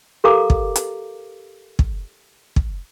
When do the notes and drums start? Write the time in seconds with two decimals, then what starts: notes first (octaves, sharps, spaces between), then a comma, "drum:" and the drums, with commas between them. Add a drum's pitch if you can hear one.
0.24 G4 A4 A#4 F5 A#5 D6
0.50 drum: kick
0.76 drum: hi-hat
1.79 drum: kick
2.56 drum: kick